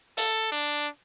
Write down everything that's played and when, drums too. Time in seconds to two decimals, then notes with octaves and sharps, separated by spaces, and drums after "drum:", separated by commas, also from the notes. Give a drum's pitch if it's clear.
0.18 A4, drum: open hi-hat
0.52 D4